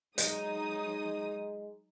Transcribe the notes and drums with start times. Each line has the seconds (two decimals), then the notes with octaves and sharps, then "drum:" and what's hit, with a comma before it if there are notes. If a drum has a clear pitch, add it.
0.18 F#3 G#3 D#4 D#6, drum: hi-hat